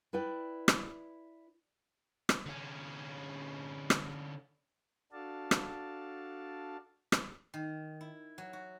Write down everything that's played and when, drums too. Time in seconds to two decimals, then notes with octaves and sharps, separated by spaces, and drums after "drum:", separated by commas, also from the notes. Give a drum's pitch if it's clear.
0.13 E4 B4 D5 G5
0.68 drum: rim click
2.29 drum: rim click
2.46 D3 C#4
3.90 drum: rim click
5.12 D4 F#4 A4 D5 F5 A5
5.51 drum: rim click
7.12 drum: rim click
7.54 D#3
8.01 E4
8.38 F#3
8.53 F#4